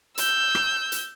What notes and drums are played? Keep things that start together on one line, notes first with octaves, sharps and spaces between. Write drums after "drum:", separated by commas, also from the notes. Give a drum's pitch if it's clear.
E6 G6, drum: hi-hat
drum: rim click
drum: hi-hat